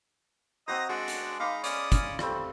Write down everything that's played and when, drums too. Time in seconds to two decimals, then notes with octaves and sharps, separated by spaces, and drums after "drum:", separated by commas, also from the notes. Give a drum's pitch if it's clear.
0.68 C4 F#4 C5 D#5 A#5 D#6
0.89 G#3 D4 F#4
1.08 drum: hi-hat
1.40 D#4 F5 B5 D6
1.64 C#4 D5 D#6, drum: hi-hat
1.92 drum: kick, hi-hat
2.19 G3 A3 C4, drum: rim click